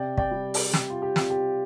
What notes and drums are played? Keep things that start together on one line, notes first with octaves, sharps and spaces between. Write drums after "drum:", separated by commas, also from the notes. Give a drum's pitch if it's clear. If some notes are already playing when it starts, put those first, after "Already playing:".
Already playing: C3 D5 G5
D5 G5, drum: kick
G3
drum: open hi-hat
C3, drum: snare
F4
G4
C4 F4, drum: snare
G4